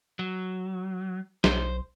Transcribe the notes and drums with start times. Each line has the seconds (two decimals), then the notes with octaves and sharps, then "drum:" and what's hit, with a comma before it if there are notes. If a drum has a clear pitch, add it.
0.19 F#3
1.44 B1 C5, drum: snare